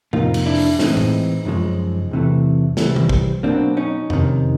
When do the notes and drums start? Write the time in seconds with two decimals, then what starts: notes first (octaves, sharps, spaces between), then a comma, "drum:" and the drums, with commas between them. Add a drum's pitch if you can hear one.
0.13 F2 C3 F3 A#3 D#4 F4, drum: tom A2
0.34 drum: cymbal
0.46 D4 E4
0.55 drum: open hi-hat
0.79 A2 E3 G#3 C4 C#4 D#4, drum: snare
0.97 drum: tom A2
1.45 F#2 C#3 F3 G#3
2.11 E2 C3 E3 A3
2.77 C#2 C3 E3 G3 C4, drum: snare
2.96 drum: tom
3.09 drum: kick
3.43 B2 F#3 A#3 C4 D4
3.77 C#4 D#4
4.10 F2 C3 D#3, drum: tom F2